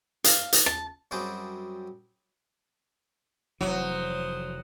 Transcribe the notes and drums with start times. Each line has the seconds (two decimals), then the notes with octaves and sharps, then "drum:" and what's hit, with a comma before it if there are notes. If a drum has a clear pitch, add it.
0.24 F5, drum: hi-hat
0.53 drum: hi-hat
0.66 A5, drum: rim click
1.11 F#2 F#3 G3 C4 G#4 D6
3.61 F1 E3 F#3 C5 D#6